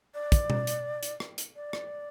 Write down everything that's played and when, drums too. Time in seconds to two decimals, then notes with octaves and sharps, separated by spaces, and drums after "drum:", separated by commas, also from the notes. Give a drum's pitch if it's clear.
0.14 D5
0.32 drum: kick, hi-hat
0.50 drum: tom B2
0.67 drum: hi-hat
1.03 drum: hi-hat
1.20 drum: rim click
1.38 drum: hi-hat
1.56 D5
1.73 drum: rim click